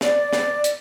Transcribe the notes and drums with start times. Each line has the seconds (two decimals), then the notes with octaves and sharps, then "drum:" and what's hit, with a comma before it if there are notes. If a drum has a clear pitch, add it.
0.01 D5, drum: snare
0.33 drum: snare
0.64 drum: hi-hat